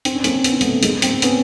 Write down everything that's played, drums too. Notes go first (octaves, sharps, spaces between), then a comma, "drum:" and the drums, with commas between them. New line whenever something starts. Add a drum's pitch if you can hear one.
C4, drum: hi-hat
C#4
A#3 C4, drum: hi-hat
B3, drum: hi-hat
C4
A3 B3, drum: hi-hat
G#3 A#3, drum: hi-hat
A#3 C4, drum: hi-hat
B3 C#4, drum: hi-hat